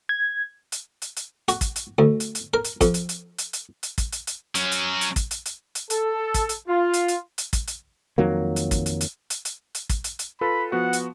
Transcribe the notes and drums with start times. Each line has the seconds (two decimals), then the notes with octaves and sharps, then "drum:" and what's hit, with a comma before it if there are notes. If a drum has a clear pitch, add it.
0.09 G#6
0.72 drum: hi-hat
1.02 drum: hi-hat
1.17 drum: hi-hat
1.48 F#4, drum: hi-hat
1.61 drum: kick, hi-hat
1.76 drum: hi-hat
1.99 D2
2.20 drum: hi-hat
2.35 drum: hi-hat
2.54 A#4
2.65 drum: hi-hat
2.81 F2, drum: kick, hi-hat
2.94 drum: hi-hat
3.09 drum: hi-hat
3.39 drum: hi-hat
3.53 drum: hi-hat
3.83 drum: hi-hat
3.98 drum: kick, hi-hat
4.12 drum: hi-hat
4.27 drum: hi-hat
4.55 F#3 C#4, drum: hi-hat
4.72 drum: hi-hat
5.01 drum: hi-hat
5.16 drum: kick, hi-hat
5.31 drum: hi-hat
5.46 drum: hi-hat
5.75 drum: hi-hat
5.90 A4, drum: hi-hat
6.34 drum: kick, hi-hat
6.49 drum: hi-hat
6.68 F4
6.94 drum: hi-hat
7.08 drum: hi-hat
7.38 drum: hi-hat
7.53 drum: kick, hi-hat
7.68 drum: hi-hat
8.18 F2 D#3 F#3 A#3
8.56 drum: hi-hat
8.71 drum: kick, hi-hat
8.86 drum: hi-hat
9.01 drum: hi-hat
9.30 drum: hi-hat
9.45 drum: hi-hat
9.75 drum: hi-hat
9.89 drum: kick, hi-hat
10.04 drum: hi-hat
10.19 drum: hi-hat
10.41 F4 A4 B4 B5
10.72 F3 B3 F#4 F#5
10.93 drum: hi-hat